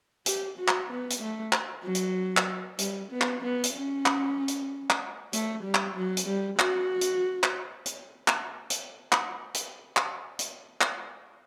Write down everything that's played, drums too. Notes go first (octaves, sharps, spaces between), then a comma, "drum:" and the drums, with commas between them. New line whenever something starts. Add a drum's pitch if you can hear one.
G4, drum: hi-hat
F#4
drum: clap
B3
drum: hi-hat
A3
drum: clap
F#3
drum: hi-hat
drum: clap
G3, drum: hi-hat
B3
drum: clap
B3
drum: hi-hat
C#4
drum: clap
drum: hi-hat
drum: clap
A3, drum: hi-hat
G3
drum: clap
F#3
drum: hi-hat
G3
F#4, drum: clap
drum: hi-hat
drum: clap
drum: hi-hat
drum: clap
drum: hi-hat
drum: clap
drum: hi-hat
drum: clap
drum: hi-hat
drum: clap